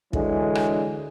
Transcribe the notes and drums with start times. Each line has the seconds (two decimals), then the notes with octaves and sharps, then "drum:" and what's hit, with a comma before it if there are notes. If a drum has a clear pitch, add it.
0.13 D3 E3 F#3 G#3, drum: kick
0.55 drum: rim click